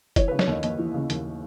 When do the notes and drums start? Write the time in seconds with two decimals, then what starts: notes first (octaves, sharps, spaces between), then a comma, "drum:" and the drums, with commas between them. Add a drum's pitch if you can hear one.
0.16 E3 C#5, drum: kick, hi-hat
0.28 B4
0.31 C#3
0.39 C#5, drum: snare F#3
0.47 D#2 D#5
0.63 D#2 D#5, drum: hi-hat
0.79 E3
0.94 C#3
1.10 D#2, drum: hi-hat